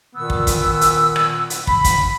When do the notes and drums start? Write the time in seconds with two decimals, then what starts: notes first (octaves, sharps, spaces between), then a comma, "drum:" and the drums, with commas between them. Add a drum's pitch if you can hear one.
0.16 A#2 D#3 B3 E6
0.30 drum: kick
0.47 drum: kick, hi-hat
0.81 drum: hi-hat
1.16 drum: rim click
1.50 drum: hi-hat
1.67 B5, drum: kick
1.84 drum: kick, hi-hat